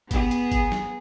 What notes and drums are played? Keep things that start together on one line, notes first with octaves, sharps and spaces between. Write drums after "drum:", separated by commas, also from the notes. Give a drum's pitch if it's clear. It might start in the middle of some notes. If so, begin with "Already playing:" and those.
B3 G#4, drum: kick G1, hi-hat
drum: hi-hat
drum: kick G1, hi-hat
drum: snare